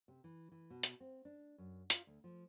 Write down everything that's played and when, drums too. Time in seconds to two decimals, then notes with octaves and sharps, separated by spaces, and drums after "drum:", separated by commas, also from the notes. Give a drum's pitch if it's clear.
0.08 C3
0.24 E3
0.52 E3
0.70 B2
0.83 drum: hi-hat
1.00 C4
1.25 D4
1.58 F#2
1.90 F4, drum: hi-hat
2.07 D2
2.24 F3